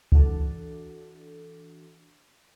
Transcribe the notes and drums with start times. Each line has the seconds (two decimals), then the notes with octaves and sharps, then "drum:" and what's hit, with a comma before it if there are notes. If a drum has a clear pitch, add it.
0.12 E3 D4 F#4 A4, drum: kick C#2